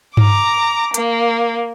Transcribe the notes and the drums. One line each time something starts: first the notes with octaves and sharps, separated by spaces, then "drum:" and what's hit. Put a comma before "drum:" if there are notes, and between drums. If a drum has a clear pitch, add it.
A#5 D6, drum: tom G2
A#3, drum: hi-hat